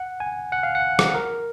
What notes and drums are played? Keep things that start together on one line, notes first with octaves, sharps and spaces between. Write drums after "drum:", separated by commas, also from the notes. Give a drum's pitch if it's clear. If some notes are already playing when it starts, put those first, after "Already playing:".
Already playing: F#5
G#5
F#5
F5
F#5
drum: rim click
A#4